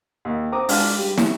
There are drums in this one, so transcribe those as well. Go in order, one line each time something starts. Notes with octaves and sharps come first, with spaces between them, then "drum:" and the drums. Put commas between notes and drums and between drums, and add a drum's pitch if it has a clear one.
D#2
C4 A#5 D6 D#6
G#3 D4 F5 F6, drum: open hi-hat
G3
drum: snare